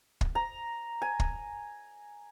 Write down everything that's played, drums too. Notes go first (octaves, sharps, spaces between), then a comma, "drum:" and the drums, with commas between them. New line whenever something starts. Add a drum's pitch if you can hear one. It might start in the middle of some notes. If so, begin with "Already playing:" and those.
drum: kick
A#5
G#5
drum: kick